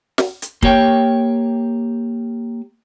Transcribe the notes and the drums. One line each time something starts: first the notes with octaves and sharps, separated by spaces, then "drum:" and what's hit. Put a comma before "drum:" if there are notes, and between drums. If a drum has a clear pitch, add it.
drum: snare
drum: hi-hat
A#3 G4 C#5 G5, drum: kick